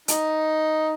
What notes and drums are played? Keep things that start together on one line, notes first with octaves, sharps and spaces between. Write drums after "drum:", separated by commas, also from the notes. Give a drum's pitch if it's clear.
D#4, drum: hi-hat